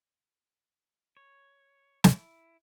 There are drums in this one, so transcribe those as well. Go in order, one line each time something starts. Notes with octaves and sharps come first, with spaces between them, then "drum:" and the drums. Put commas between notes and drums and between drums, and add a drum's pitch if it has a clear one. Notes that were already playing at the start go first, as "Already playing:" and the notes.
C#5
E4, drum: snare